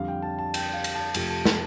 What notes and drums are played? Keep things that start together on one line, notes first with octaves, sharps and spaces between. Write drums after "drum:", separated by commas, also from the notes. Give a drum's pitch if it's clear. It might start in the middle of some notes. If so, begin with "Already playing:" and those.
Already playing: F2 D3 G3 F5
G5
A5
A5
G5, drum: cymbal
F5
drum: cymbal
A5
F2 C3 F3 A3 A5, drum: cymbal
A5
drum: snare